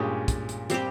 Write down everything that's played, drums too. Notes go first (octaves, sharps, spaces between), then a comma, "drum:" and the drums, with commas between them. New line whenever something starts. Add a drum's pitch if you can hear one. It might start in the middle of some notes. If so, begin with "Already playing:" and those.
Already playing: G2 A#2 G#3 C#4 G4
drum: kick, hi-hat
drum: hi-hat
G3 C4 G4, drum: hi-hat